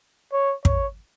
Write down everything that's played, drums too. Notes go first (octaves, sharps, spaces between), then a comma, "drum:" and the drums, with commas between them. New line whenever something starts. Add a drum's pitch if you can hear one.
C#5
C#5, drum: kick